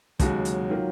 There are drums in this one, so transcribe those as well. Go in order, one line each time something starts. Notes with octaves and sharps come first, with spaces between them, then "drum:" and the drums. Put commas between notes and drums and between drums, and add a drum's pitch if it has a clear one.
D#2 C#3 F#3 G#3 D#4 F#4, drum: kick, hi-hat
drum: hi-hat
D#3 A#3 F4